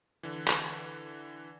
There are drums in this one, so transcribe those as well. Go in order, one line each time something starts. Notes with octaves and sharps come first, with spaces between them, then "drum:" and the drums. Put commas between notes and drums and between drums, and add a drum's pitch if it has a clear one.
D3 E3
drum: clap